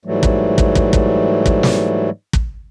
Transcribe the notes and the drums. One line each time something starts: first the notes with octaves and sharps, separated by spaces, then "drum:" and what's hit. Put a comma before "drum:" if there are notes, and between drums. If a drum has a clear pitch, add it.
G#2 E3 F#3 G3 A3
drum: kick
drum: kick
drum: kick
drum: kick
drum: kick
drum: snare
drum: kick